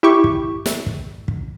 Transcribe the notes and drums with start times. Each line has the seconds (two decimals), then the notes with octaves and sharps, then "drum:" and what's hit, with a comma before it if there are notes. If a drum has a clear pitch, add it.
0.03 E4 G4 C#6
0.24 drum: kick
0.66 drum: snare
0.86 drum: kick
1.28 drum: kick